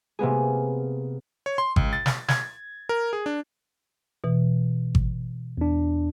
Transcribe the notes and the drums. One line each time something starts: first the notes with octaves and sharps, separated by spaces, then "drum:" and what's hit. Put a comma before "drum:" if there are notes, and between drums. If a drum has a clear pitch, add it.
C3 A#3 B3 G#4
C#5
C6
C#2, drum: kick G#1
A6
drum: snare
G#6, drum: snare
A#4
G#4
D4
B2 E3
drum: kick G#1
E2 D4